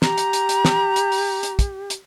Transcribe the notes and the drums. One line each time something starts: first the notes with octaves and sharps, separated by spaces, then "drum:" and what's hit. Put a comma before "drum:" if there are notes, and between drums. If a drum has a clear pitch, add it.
G4 A#5, drum: snare
drum: hi-hat
drum: hi-hat
drum: hi-hat
drum: snare
drum: hi-hat
drum: open hi-hat
drum: hi-hat
drum: kick, hi-hat
drum: hi-hat